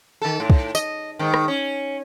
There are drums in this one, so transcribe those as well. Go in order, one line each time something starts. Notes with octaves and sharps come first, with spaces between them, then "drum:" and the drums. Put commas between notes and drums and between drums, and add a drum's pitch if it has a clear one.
D#3 A4
A2
drum: kick
D#5, drum: tambourine
G#2 D#3
drum: rim click
C#4